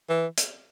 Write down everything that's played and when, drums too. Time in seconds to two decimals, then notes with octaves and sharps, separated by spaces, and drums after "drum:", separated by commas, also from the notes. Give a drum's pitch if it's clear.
0.09 E3
0.37 drum: hi-hat